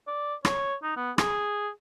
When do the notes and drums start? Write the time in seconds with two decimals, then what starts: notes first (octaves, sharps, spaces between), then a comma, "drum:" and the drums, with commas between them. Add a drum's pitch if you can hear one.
0.07 D5
0.45 C#5, drum: rim click
0.83 D#4
0.96 B3
1.18 G#4, drum: rim click